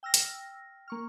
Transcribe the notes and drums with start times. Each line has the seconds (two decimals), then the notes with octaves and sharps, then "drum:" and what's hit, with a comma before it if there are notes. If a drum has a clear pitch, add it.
0.03 G5 E6 F6 A#6
0.14 drum: hi-hat
0.88 A#3 C#6 F6